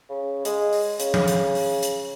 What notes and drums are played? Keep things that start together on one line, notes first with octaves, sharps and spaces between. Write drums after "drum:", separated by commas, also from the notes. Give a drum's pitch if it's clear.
C#3
G#3, drum: hi-hat
drum: open hi-hat
C#3, drum: hi-hat
drum: tom
drum: hi-hat
drum: open hi-hat
drum: hi-hat